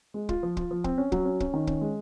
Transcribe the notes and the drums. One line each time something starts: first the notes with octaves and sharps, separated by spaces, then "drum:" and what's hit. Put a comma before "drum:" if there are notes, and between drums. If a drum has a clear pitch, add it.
G#3
F4, drum: kick
F3
F4, drum: kick
F3
C4, drum: kick
C#4
F#3, drum: kick
C#4
C#4, drum: kick
D#3
C#4, drum: kick
G#3